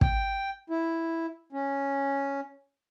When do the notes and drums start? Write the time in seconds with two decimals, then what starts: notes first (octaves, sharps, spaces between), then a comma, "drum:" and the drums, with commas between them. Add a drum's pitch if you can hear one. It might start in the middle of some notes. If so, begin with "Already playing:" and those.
0.01 G5, drum: kick
0.70 E4
1.52 C#4